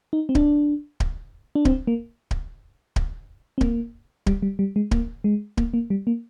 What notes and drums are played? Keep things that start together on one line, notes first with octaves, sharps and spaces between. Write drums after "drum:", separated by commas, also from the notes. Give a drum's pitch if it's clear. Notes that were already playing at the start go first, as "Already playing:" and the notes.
D#4
C4
D4, drum: kick D1
drum: kick D1
D4
C4, drum: kick D1
A#3
drum: kick D1
drum: kick D1
C4
A#3, drum: kick D1
G3, drum: kick D1
G3
G3
G#3
A#3, drum: kick D1
G#3
A#3, drum: kick D1
A#3
G3
A#3